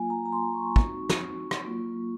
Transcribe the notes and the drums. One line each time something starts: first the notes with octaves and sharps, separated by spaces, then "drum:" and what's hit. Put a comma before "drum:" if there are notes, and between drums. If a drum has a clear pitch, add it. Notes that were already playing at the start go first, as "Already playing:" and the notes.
Already playing: F#3 A#3 F4 G#5
A#5
A#5
C6
C#6
G#3 C4 D#4 F#4, drum: kick
drum: snare
drum: rim click
F#3 A#3 F4